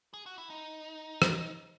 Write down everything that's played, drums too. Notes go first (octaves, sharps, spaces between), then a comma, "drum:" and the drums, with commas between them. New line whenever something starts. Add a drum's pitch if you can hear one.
G#4
F#4
E4
D#4
drum: rim click